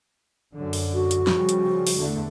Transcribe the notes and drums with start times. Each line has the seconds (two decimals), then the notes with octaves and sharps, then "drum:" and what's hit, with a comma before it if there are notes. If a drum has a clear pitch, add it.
0.54 F#2 D3
0.73 drum: open hi-hat
0.94 F#4
1.11 drum: hi-hat
1.27 C#3 F3 G3, drum: snare
1.49 drum: hi-hat
1.87 drum: open hi-hat
1.96 E2 D3 A3